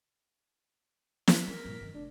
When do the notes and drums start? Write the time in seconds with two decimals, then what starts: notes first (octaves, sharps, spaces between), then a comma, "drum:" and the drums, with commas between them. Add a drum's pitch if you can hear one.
1.28 B6, drum: snare
1.48 E3 A#4
1.65 G2 A#2
1.81 G2 D#3
1.94 F1 D4